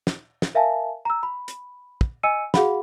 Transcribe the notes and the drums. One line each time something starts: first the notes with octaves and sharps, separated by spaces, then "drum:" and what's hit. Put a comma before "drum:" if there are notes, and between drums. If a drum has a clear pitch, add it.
drum: snare
drum: snare
A#4 E5 F5 G#5 A5
A#5 E6
B5
drum: hi-hat
drum: kick
D#5 G#5 E6 C#7 D#7
F#4 G#4 F5 F#5 B5, drum: snare